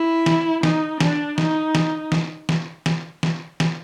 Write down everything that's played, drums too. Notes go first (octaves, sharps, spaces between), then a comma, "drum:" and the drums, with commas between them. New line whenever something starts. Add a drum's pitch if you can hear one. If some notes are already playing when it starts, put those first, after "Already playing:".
Already playing: E4
drum: snare
D#4, drum: snare
D4, drum: snare
D#4, drum: snare
drum: snare
drum: snare
drum: snare
drum: snare
drum: snare
drum: snare